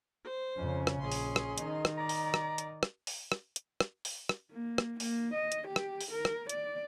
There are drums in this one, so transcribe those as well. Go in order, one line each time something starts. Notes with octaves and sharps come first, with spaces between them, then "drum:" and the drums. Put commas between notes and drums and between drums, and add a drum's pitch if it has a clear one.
C5
F2 C#3 C#4
drum: rim click
A#1 G#4 C6
drum: open hi-hat
drum: rim click
D#3 D#4, drum: hi-hat
drum: rim click
D5 A#5
drum: open hi-hat
drum: rim click
drum: hi-hat
drum: rim click
drum: open hi-hat
drum: rim click
drum: hi-hat
drum: rim click
drum: open hi-hat
drum: rim click
A#3
drum: rim click
A#3, drum: open hi-hat
D#5
drum: hi-hat
G4
drum: rim click
drum: open hi-hat
A#4
drum: rim click
D5, drum: hi-hat